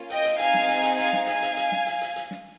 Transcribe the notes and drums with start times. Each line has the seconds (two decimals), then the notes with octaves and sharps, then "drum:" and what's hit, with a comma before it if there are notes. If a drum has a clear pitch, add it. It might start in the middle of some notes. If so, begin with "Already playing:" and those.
Already playing: A#3 C#4 F4
0.10 D#5 G5, drum: hi-hat
0.25 drum: hi-hat
0.39 C4 D#4 G#4 F5 G#5, drum: hi-hat
0.54 drum: snare
0.69 drum: hi-hat
0.84 drum: hi-hat
0.98 F5 G#5, drum: hi-hat
1.13 drum: snare
1.27 F5 G#5, drum: hi-hat
1.42 drum: hi-hat
1.57 drum: hi-hat
1.72 drum: snare
1.87 drum: hi-hat
2.01 drum: hi-hat
2.16 drum: hi-hat
2.31 drum: snare